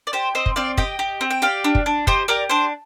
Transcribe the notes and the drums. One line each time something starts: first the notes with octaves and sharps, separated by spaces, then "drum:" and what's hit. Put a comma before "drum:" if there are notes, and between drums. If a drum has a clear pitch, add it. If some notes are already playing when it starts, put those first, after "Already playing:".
D5
G4 C5
C4 C5 D#5
drum: kick
C4 D5 F5
G4 D#5 G5, drum: kick
G4
C4
G5
G4 D5 F5
D4
drum: kick
D4
G4 C5 D#5, drum: kick
G4 A#4 D5
D4 C5